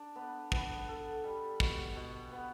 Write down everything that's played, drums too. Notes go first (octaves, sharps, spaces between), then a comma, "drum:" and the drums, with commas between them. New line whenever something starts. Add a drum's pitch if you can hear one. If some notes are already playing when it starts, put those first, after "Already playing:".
Already playing: D4
B3
B3, drum: kick
A4
G3
B2, drum: kick
B2
B3